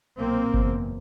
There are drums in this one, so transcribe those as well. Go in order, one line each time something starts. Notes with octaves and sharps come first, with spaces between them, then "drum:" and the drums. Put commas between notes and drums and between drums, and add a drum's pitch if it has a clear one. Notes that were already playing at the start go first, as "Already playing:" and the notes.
B1 A#2 A#3 C4
F#1 E2 B2, drum: kick G1